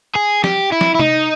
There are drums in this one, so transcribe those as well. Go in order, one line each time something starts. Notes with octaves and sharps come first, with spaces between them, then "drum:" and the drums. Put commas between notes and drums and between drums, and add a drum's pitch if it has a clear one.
G#4
G4, drum: snare
E4
drum: snare
E4
D#4, drum: tom C3